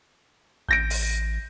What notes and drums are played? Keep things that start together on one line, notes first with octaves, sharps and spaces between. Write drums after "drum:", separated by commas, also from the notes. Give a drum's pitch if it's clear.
A1 G6 A#6 D7
drum: open hi-hat